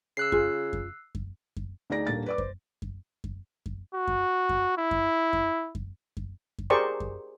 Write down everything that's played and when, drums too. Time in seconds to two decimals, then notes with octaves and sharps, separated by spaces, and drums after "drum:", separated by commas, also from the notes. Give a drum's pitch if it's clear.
0.17 C#3 E6 F#6 C7
0.32 F4 G#4, drum: kick F#2
0.73 drum: kick F#2
1.15 drum: kick F#2
1.56 drum: kick F#2
1.90 D2 D#4 G#4 D5 A#6
2.07 D#1 A#3 D4 A6
2.26 B4 D5 D6
2.38 C5, drum: kick F#2
2.82 drum: kick F#2
3.24 drum: kick F#2
3.66 drum: kick F#2
3.95 F#4
4.07 drum: kick F#2
4.49 drum: kick F#2
4.78 E4
4.91 drum: kick F#2
5.33 drum: kick F#2
5.75 drum: kick F#2
6.17 drum: kick F#2
6.58 drum: kick F#2
6.70 G4 G#4 A#4 C5 D5 C#6
7.00 drum: kick F#2